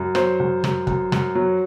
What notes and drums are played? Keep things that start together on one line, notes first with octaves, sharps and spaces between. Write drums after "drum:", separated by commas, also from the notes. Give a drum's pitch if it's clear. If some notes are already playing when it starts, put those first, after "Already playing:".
Already playing: F#2
F#3 C5, drum: rim click
F#2
F#2, drum: rim click
F#2, drum: kick
F#2, drum: rim click
F#3